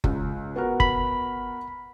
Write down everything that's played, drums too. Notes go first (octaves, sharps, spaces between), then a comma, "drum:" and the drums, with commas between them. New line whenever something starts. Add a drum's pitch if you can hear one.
C#2, drum: kick F#1
B3 F#4 A#4
B5, drum: kick F#1